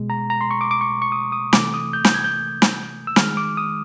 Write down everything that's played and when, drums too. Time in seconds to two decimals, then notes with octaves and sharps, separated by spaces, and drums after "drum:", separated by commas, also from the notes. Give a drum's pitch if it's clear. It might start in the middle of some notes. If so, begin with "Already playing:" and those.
Already playing: B2 G#3
0.10 A#5
0.30 A#5
0.41 C6
0.51 C#6
0.61 D6
0.71 D6
0.81 C#6
1.02 C#6
1.12 D#6
1.32 D#6
1.53 C3 E3 A3 D6, drum: snare
1.74 D#6
1.93 G6
2.05 G6, drum: snare
2.14 G#6
2.24 G6
2.62 drum: snare
3.07 E6
3.16 D#3 G#3 F6, drum: snare
3.37 D6
3.57 D#6